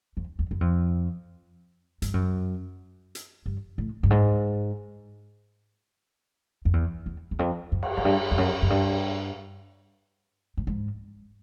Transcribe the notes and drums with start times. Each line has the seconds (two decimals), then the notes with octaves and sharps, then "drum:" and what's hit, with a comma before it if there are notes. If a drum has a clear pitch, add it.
0.17 F2
0.39 E2
0.51 F#2
0.61 F2
2.02 G2, drum: hi-hat
2.14 F#2
3.15 drum: hi-hat
3.46 G2
3.78 A2
4.03 G2
4.10 G#2
6.65 F2
6.73 E2
7.06 E2
7.31 E2
7.39 F2
7.72 F#2
7.83 drum: cymbal
7.97 F#2, drum: cymbal
8.05 G2
8.31 F2
8.38 F#2
8.62 F#2
8.70 G2
10.57 A2
10.67 G#2